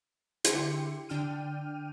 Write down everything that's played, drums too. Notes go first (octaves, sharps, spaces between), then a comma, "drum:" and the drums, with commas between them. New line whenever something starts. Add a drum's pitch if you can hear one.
D3 E4 G4 C6 C#7, drum: hi-hat
D3 D4 G5 F6 D#7